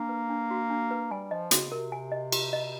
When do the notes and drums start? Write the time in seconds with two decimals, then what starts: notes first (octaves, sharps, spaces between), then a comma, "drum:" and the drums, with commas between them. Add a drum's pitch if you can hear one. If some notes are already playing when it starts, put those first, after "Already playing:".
Already playing: A#3 D4
0.09 B4
0.30 D4
0.51 F#4
0.70 D4
0.91 B4
1.11 G3 G#5
1.31 F3 D#5
1.51 C#3 F#4, drum: hi-hat
1.72 C3 A#4
1.92 G#5
2.12 D#5
2.32 G4, drum: cymbal
2.53 D#5